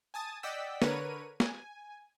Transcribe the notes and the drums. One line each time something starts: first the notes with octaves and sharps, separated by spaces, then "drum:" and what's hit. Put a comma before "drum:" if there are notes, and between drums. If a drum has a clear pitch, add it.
G#5 A5 D#6 A6
D5 D#5 F#5 G5 E6 B6
D3 A#4 B4 C#5 D#7, drum: snare
G#5, drum: snare